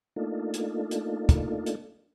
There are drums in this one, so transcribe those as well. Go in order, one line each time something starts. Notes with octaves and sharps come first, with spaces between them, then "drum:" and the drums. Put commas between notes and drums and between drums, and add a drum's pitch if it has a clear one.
A3 A#3 D4 D#4 F4 A4
drum: hi-hat
drum: hi-hat
drum: kick, hi-hat
drum: hi-hat